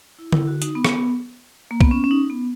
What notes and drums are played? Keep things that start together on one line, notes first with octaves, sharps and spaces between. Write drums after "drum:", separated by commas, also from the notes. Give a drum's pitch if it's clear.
E4
E4, drum: tom D3
F#4
D#4, drum: hi-hat
B3
drum: rim click
A#3
B3, drum: kick B1
C#4
C#4
D#4
B3